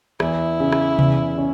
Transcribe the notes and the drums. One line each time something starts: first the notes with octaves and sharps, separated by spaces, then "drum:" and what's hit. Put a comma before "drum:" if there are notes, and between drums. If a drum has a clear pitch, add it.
E2 E4, drum: rim click
C#3
drum: rim click
E2, drum: tom C3
C#4